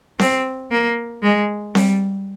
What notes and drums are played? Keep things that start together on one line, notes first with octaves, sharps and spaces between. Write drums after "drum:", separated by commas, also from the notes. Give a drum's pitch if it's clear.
C4, drum: snare C4
A#3
G#3
G3, drum: snare C4